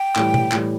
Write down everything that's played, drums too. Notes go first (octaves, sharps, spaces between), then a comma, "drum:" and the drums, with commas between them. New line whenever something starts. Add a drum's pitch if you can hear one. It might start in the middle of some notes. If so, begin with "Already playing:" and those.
Already playing: G5
A2 E3 G3, drum: clap
drum: tom B2
A2 E3 G3, drum: clap